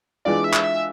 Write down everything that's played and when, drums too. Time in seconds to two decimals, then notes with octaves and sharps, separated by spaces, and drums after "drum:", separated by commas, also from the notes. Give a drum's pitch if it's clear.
0.25 E3 G#3 D4 F4 D5
0.44 E5
0.53 drum: clap
0.63 E5